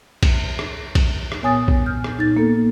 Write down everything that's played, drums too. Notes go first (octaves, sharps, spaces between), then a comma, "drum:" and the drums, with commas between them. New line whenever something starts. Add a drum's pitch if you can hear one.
drum: kick A#1, cymbal
drum: rim click
drum: kick A#1, cymbal
drum: rim click
A#2 B3 C#5 G#5 D#6 A6
drum: kick A#1
F6 G6
drum: rim click
A#2 D#4 A6
A#3 B3 A4